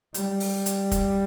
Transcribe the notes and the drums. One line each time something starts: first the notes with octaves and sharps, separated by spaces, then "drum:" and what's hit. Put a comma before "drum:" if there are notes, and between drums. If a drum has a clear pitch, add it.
G3, drum: hi-hat
drum: open hi-hat
drum: hi-hat
drum: kick, hi-hat